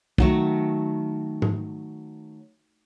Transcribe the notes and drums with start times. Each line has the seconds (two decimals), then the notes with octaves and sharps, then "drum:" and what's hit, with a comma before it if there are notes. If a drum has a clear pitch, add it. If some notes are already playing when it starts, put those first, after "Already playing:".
0.18 D#3 F#3 A3, drum: kick
1.42 drum: tom G#2